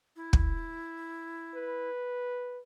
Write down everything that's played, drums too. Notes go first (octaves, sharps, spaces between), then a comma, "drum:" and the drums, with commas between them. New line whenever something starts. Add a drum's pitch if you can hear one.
E4
drum: kick
B4